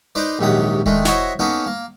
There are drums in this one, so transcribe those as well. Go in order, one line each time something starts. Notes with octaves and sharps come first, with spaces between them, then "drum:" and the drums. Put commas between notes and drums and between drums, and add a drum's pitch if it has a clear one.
D#4 B4 C5 D5
A#1 D#2 G#2 C3 F#3 D#6
D#3 G#3 A3 D4, drum: kick E1
E4 F#4 C5 C#5 D#5 E5, drum: snare
A#3 B3 C#4 D#4 A4
A#3